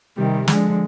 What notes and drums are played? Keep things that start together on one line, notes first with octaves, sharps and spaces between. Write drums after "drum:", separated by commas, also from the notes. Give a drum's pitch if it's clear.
C3 D#3 G3
D3 F3 G#3, drum: snare